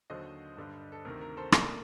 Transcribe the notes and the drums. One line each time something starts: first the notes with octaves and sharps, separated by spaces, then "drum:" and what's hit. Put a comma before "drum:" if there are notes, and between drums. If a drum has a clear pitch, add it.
D#2 D3 F#3 C5 D#5
G2 D3 G3
A4
D2 C3 D#3 A#4
A#4
A4 C5
A#2 A3 D4 A#4 D5, drum: rim click